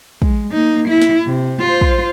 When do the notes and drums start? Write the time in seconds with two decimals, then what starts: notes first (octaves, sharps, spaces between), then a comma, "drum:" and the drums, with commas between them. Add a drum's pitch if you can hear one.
0.22 G#3, drum: kick
0.52 A#3 D#4
0.88 E4
1.02 drum: snare
1.26 C3
1.60 F4 C5
1.81 drum: kick